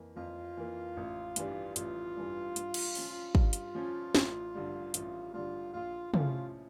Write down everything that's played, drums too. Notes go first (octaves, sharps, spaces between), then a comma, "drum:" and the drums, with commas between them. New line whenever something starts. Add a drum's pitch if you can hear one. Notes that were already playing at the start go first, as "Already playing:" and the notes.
Already playing: F2 E3 A#3
F2 F4
E3 A#3
A1
G2 E3 G3 D4, drum: hi-hat
A1 F4, drum: hi-hat
G2 E3 G3 D4
G2, drum: hi-hat
drum: cymbal
F3 C#4, drum: open hi-hat
G2 F4, drum: kick
drum: hi-hat
F3 C#4
A1, drum: snare
G2 D3 G3
A1 F4, drum: hi-hat
G2 D3 G3 F4
A#1 F4
A2 F3 C#4 E4 F4, drum: tom